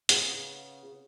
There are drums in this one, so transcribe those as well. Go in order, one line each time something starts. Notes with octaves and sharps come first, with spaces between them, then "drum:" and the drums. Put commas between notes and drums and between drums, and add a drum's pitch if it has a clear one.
C#3 B3 F4 G#4, drum: hi-hat